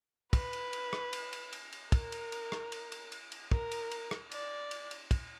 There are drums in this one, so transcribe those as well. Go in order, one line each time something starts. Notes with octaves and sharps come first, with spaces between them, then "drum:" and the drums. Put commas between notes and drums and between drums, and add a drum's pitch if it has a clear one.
B4, drum: kick, cymbal
drum: cymbal
drum: cymbal
drum: rim click
drum: cymbal
drum: cymbal
drum: cymbal
drum: cymbal
A#4, drum: kick, cymbal
drum: cymbal
drum: cymbal
drum: rim click
drum: cymbal
drum: cymbal
drum: cymbal
drum: cymbal
A#4, drum: kick
drum: cymbal
drum: cymbal
drum: rim click
D5, drum: cymbal
drum: cymbal
drum: cymbal
drum: kick, cymbal